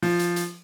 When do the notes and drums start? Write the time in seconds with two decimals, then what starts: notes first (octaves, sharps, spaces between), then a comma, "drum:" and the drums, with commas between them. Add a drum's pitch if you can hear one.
0.02 F3, drum: open hi-hat
0.19 drum: hi-hat
0.36 drum: hi-hat